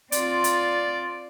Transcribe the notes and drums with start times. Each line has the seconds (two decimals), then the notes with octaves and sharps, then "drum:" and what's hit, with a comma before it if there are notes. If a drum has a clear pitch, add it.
0.12 C4 F4 D5, drum: hi-hat
0.44 drum: hi-hat